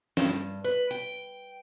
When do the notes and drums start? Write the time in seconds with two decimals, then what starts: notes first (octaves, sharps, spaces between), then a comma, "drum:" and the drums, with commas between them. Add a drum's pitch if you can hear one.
0.17 G2, drum: snare
0.64 B4
0.91 G5